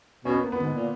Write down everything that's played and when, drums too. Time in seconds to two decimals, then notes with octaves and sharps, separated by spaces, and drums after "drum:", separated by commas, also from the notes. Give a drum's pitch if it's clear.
0.25 B2 C#4
0.33 B3
0.43 A#3
0.52 B3
0.60 G#2, drum: tom D3
0.73 A#2